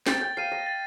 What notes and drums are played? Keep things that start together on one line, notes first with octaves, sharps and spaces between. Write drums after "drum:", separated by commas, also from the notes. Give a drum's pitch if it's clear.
G5 A6, drum: snare
G5
F5 C7 D#7
D#5
A6